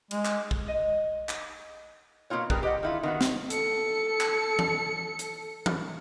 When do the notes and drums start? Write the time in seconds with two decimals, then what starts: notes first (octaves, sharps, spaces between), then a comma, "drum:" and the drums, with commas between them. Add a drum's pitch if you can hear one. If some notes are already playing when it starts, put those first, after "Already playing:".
0.11 G#3, drum: cymbal
0.25 drum: clap
0.51 drum: kick
0.68 D#5
1.29 drum: clap
2.30 B2 A#3 D#4 F4 C#5
2.50 G3 G#4 A#4 B4, drum: kick
2.63 G4 D#5 F#5
2.83 D#3 E4 F4
3.03 D#3 B3 F#4
3.21 drum: snare
3.50 A4 C#7, drum: hi-hat
4.21 drum: clap
4.59 drum: tom E3
5.19 drum: hi-hat
5.66 drum: tom E3